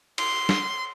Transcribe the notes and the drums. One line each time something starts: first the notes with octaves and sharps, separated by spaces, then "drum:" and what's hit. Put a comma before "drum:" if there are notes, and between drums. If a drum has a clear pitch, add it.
C6, drum: cymbal
drum: snare